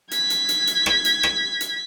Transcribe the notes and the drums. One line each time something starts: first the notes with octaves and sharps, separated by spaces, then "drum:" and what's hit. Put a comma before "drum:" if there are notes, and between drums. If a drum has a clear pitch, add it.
G#6 B6, drum: hi-hat
drum: hi-hat
drum: hi-hat
drum: hi-hat
drum: rim click
drum: hi-hat
drum: rim click
drum: hi-hat